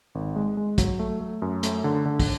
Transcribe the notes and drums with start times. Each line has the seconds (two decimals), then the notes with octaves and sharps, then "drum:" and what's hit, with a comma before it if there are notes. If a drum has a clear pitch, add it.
0.15 G#1
0.36 G#3
0.57 G#3
0.78 F#3, drum: kick, hi-hat
0.99 A3
1.21 A3
1.42 F#2
1.63 A3, drum: hi-hat
1.84 D3
2.05 D3
2.20 drum: kick, open hi-hat